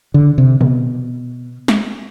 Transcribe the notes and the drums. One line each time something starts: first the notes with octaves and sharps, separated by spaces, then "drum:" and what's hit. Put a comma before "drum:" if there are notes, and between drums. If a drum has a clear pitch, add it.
D3
C3
B2, drum: tom
drum: snare